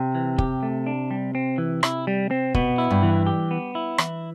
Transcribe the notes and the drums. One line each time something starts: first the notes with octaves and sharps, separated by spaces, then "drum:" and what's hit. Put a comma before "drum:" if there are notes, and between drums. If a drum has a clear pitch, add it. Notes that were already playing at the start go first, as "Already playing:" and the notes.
Already playing: C3
E3
G4, drum: kick
A3
D4
G3
C4
E3
E4, drum: rim click
G3
C4
B2 B3, drum: kick
E4
G2
E3
G4
B3
E4
E3, drum: rim click